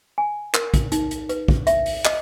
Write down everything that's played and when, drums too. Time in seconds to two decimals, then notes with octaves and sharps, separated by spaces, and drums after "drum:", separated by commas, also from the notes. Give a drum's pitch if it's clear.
0.18 G#5
0.54 A#4, drum: clap
0.74 drum: kick, hi-hat
0.92 D#4, drum: hi-hat
1.11 drum: hi-hat
1.29 B4, drum: hi-hat
1.48 drum: kick
1.67 E5, drum: hi-hat
1.86 drum: open hi-hat
2.05 D#5, drum: clap